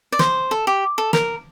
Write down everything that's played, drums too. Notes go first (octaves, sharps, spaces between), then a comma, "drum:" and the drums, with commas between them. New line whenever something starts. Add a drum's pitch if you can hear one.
D5
C5, drum: snare
A4
G4
A4
A#4, drum: snare